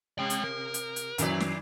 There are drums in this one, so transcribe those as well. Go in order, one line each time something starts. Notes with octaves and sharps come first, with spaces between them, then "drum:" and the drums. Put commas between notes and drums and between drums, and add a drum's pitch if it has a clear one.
C3 G#3 G5
drum: hi-hat
A#4
drum: hi-hat
drum: hi-hat
F#2 D#3 F#3 E4 D5, drum: hi-hat
drum: snare